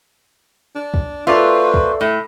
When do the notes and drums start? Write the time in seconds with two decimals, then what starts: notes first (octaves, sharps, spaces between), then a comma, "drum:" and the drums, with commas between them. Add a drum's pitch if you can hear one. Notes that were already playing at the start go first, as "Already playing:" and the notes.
0.75 D4
0.94 drum: kick
1.27 A#3 F4 F#4 A4 B4 C5 D5 E5
1.74 drum: kick
2.01 A2 A3